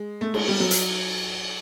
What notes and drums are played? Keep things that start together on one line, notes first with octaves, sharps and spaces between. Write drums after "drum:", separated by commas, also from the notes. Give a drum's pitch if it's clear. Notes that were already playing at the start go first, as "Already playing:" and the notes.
Already playing: G#3
A3
G#3, drum: cymbal
G3
F#3
drum: hi-hat